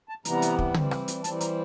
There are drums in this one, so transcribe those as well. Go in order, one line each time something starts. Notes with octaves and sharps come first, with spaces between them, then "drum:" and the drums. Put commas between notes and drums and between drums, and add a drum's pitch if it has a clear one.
A5
C3 E3 G3 B3 A#5, drum: hi-hat
drum: hi-hat
drum: kick
E3 G3 C4, drum: tom
drum: rim click
drum: hi-hat
E3 G3 C4 A5, drum: hi-hat
A#5, drum: hi-hat